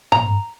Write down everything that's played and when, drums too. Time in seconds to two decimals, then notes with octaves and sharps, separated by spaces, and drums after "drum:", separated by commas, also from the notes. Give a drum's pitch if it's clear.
0.12 A#5, drum: tom G#2